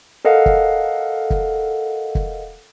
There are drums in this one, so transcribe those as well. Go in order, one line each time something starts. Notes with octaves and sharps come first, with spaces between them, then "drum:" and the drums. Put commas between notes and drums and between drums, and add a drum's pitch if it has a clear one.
A4 A#4 D#5 F5 F#5
drum: kick
drum: kick
drum: kick